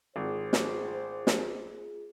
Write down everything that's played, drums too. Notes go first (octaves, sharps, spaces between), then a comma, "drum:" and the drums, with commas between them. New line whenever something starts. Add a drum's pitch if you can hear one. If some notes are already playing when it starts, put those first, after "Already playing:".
G#1 F4 G#4 C5
drum: snare
drum: snare